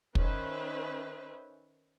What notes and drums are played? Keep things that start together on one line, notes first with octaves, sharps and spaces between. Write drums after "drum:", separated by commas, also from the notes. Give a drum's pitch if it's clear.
D#3 C#4 B4 C5 E5, drum: kick